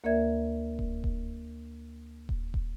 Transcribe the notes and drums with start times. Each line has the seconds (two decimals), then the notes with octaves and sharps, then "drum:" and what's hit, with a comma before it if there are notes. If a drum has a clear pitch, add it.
0.04 D2 A#3 A#4 D5 E5 G#6
0.79 drum: kick D#1
1.04 drum: kick D#1
2.29 drum: kick D#1
2.54 drum: kick D#1